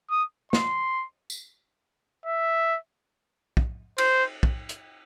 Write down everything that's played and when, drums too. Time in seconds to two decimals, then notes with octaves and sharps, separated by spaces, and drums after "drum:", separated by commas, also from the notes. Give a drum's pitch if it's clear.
0.11 D#6
0.53 C6, drum: snare
1.30 drum: tambourine
2.26 E5
3.57 drum: kick
3.98 C5, drum: cymbal
4.43 drum: kick
4.69 drum: hi-hat